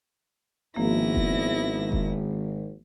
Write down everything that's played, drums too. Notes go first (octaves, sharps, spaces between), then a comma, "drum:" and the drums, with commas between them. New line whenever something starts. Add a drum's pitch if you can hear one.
G#1 F3 A#3 B3 E4 A#6
drum: kick F1
drum: kick F1